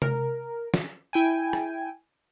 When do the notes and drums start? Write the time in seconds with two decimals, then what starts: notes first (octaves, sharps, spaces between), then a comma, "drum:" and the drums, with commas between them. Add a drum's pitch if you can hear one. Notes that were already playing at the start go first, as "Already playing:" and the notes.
0.02 A#4, drum: tom C3
0.74 drum: snare
1.13 E4 G5 G#5
1.53 drum: rim click